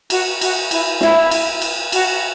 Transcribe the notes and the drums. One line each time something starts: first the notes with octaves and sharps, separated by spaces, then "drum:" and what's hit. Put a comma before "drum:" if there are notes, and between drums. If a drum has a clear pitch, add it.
F#4, drum: cymbal
F#4, drum: cymbal
E4, drum: cymbal
E4, drum: snare
drum: cymbal
drum: cymbal
F#4, drum: cymbal